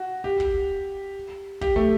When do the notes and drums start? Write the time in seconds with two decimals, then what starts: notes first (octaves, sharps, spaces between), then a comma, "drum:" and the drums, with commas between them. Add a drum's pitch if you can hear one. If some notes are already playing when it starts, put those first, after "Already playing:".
Already playing: F#4
0.24 G4
0.40 drum: kick
1.61 G4, drum: kick
1.76 A3